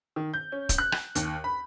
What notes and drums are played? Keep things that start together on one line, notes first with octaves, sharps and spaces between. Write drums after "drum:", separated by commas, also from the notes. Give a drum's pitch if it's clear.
D#3
G6
C#4
drum: kick D#1, hi-hat
F#6
drum: rim click
D#2, drum: hi-hat
B5